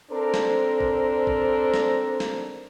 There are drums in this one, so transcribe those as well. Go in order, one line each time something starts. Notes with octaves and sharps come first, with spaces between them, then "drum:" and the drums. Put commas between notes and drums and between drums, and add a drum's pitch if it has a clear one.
C4 D4 A4 A#4 C5
drum: snare
drum: kick A1
drum: kick A1
drum: snare
drum: snare